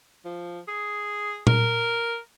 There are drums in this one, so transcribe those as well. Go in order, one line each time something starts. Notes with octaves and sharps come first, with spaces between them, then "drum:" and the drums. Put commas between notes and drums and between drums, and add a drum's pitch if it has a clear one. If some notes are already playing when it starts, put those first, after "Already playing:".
F3
G#4
A#4, drum: tom A#2